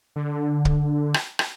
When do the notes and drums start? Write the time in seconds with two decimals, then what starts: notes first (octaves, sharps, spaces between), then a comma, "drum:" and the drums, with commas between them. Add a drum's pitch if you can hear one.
0.16 D3
0.65 drum: kick
1.14 drum: rim click
1.39 drum: rim click